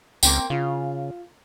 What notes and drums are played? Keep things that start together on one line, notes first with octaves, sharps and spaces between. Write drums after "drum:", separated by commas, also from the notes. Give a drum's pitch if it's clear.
C#2 A#3 C4 G5, drum: tambourine
C#3 F4